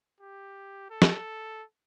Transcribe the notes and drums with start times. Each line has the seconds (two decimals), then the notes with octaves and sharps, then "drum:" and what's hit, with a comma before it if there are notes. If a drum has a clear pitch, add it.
0.20 G4
0.90 A4
1.02 drum: snare